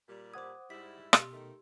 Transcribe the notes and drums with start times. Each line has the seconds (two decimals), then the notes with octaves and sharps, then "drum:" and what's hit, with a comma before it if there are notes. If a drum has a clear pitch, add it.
0.09 A#2 G3
0.34 C5 F#5 D6 D#6 G#6
0.70 G#2 G3 E4 B6
1.13 B2 G4 C6 E6, drum: rim click
1.32 D#3 A3